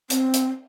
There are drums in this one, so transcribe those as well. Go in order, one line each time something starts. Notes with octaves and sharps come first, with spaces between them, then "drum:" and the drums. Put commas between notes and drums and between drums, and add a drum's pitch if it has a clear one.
C4, drum: hi-hat
drum: hi-hat